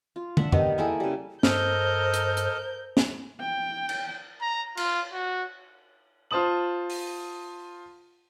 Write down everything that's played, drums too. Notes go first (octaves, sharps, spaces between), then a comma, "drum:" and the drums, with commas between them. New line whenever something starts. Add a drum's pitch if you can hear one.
F4
D4 E5 F#5, drum: tom
D#3 G3 B3 D#4, drum: tom F2
A#3 E4 G#4 A4
C#3 G3
G2 A4 A#4 C5 D#5 F6 G6, drum: snare
drum: hi-hat
drum: hi-hat
drum: snare
G5
drum: cymbal
A#5
F4, drum: cymbal
F#4
F4 C5 A5 D#6 F#7
drum: open hi-hat